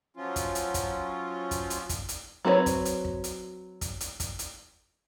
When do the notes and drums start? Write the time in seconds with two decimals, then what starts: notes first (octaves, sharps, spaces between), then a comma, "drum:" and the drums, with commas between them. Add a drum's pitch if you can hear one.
0.17 F3 F#3 C#4 F4
0.36 drum: kick, hi-hat
0.55 drum: hi-hat
0.74 drum: kick, hi-hat
1.51 drum: kick, hi-hat
1.70 drum: hi-hat
1.89 drum: kick, hi-hat
2.09 drum: hi-hat
2.45 F#3 C4 A#4 B4 C#5
2.66 drum: kick, hi-hat
2.85 drum: hi-hat
3.05 drum: kick
3.24 drum: hi-hat
3.81 drum: kick, hi-hat
4.00 drum: hi-hat
4.20 drum: kick, hi-hat
4.39 drum: hi-hat